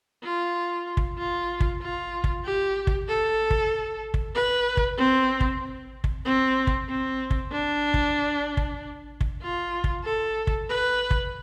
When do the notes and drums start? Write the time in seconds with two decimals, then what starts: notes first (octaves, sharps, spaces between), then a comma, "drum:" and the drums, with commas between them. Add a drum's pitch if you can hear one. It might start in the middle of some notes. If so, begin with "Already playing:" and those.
0.23 F4
0.97 drum: kick
1.18 F4
1.60 drum: kick
1.82 F4
2.24 drum: kick
2.45 G4
2.87 drum: kick
3.09 A4
3.50 drum: kick
4.14 drum: kick
4.35 B4
4.77 drum: kick
4.98 C4
5.41 drum: kick
6.04 drum: kick
6.25 C4
6.67 drum: kick
6.89 C4
7.31 drum: kick
7.51 D4
7.94 drum: kick
8.57 drum: kick
9.21 drum: kick
9.42 F4
9.84 drum: kick
10.04 A4
10.47 drum: kick
10.69 B4
11.11 drum: kick